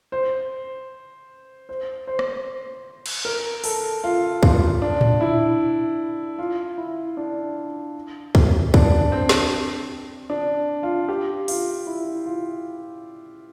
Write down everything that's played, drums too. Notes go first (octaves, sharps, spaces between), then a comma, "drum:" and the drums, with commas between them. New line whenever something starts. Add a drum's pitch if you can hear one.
C5
C5
C5
drum: rim click
drum: cymbal
A#4
A4, drum: open hi-hat
F4
F4, drum: kick
D4
drum: tom A2
E4
F4
E4
D4
drum: kick
D4, drum: kick
C4
drum: snare
D4
F4
G4
F4, drum: open hi-hat
E4
F4